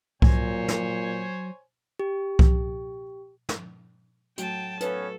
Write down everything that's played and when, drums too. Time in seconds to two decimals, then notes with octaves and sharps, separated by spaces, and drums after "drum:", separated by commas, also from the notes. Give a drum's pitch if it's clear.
0.22 A#2 F#3 C5 C#5 G#5, drum: kick C2
0.68 drum: snare
1.99 G4
2.39 drum: kick C2
3.49 drum: snare
4.38 A2 F#3 F#4 G5 A5, drum: hi-hat
4.80 B3 C#4 D#4 A4 B4 C#5 F5, drum: hi-hat